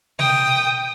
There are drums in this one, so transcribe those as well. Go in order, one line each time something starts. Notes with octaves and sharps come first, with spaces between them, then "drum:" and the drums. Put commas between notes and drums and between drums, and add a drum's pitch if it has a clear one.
G5 D#6, drum: tom